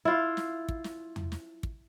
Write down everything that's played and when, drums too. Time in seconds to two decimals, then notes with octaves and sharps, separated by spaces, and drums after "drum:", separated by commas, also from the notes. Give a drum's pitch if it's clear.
0.05 E4 F4
0.37 drum: snare
0.68 drum: kick
0.84 drum: snare
1.16 drum: tom E2
1.32 drum: snare
1.63 drum: kick